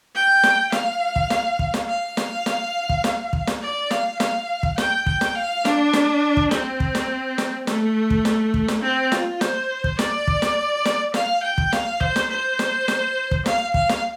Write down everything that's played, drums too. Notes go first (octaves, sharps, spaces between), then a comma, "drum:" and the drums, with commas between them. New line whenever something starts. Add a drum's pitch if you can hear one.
G5
drum: snare
F5, drum: snare
drum: kick
drum: snare
drum: kick
drum: snare
F5
drum: snare
drum: snare
drum: kick
drum: snare
drum: kick
drum: snare
D5
F5, drum: snare
F5, drum: snare
drum: kick
G5, drum: snare
G5, drum: kick
drum: snare
F5
D4, drum: snare
drum: snare
drum: kick
C4, drum: snare
drum: kick
drum: snare
drum: snare
A3, drum: snare
drum: kick
drum: snare
drum: kick
drum: snare
C4
F4, drum: snare
C5, drum: snare
drum: kick
D5, drum: snare
drum: kick
drum: snare
drum: snare
F5, drum: snare
G5
drum: kick
F5, drum: snare
C5, drum: kick
drum: snare
C5
drum: snare
drum: snare
drum: kick
F5, drum: snare
F5, drum: kick
drum: snare